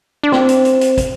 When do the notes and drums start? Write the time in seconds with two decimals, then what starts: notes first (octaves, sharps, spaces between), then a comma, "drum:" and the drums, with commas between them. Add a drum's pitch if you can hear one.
0.23 D4
0.32 C4, drum: snare
0.49 drum: hi-hat
0.65 drum: hi-hat
0.81 drum: hi-hat
0.98 drum: kick, hi-hat